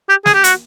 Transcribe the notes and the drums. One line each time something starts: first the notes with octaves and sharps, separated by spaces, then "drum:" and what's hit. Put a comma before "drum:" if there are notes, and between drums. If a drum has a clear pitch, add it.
G4
G#4, drum: snare
G4
F#4, drum: hi-hat